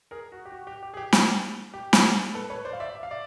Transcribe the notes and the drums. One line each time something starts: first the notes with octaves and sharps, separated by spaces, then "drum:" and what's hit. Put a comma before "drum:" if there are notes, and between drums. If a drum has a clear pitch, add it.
G#4 A#4
F#4
G4
F#4
G4
G4
G#4
G4
G4, drum: snare
G4
drum: snare
A4 B4
B4 C#5
C5 D5
F5
D5 E5
E5
F5
D5 E5